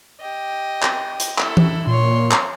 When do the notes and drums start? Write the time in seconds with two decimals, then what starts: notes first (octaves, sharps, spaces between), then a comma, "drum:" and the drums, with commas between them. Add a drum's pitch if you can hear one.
0.21 G4 D#5
0.83 drum: clap
1.20 drum: hi-hat
1.38 E4 A4, drum: clap
1.57 drum: tom E3
1.87 A#2 C#5 C6
2.31 drum: clap